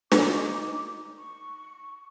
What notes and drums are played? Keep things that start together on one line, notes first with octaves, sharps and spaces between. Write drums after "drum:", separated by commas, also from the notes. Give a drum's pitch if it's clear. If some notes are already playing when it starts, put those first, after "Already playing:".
D#4 D6, drum: snare
C#6